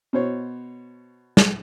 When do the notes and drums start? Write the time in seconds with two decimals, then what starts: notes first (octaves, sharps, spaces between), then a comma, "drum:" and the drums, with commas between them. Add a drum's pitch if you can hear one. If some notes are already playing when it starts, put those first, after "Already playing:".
0.13 B2 C5 C#5
1.37 drum: snare